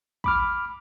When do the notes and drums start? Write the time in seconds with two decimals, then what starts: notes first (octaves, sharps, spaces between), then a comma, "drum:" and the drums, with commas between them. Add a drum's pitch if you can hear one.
0.24 B5 D6 F6, drum: kick